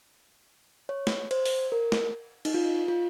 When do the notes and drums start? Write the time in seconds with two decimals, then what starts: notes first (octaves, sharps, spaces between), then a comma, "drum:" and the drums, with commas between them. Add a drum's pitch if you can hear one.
0.89 C#5
1.07 drum: snare
1.31 C5, drum: cymbal
1.45 drum: open hi-hat
1.72 A#4
1.92 drum: snare
2.45 D#4, drum: cymbal
2.54 F4
2.88 F4